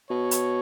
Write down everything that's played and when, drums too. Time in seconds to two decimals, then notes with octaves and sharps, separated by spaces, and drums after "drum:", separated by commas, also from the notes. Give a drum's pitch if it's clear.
0.10 B2 C#5
0.31 drum: hi-hat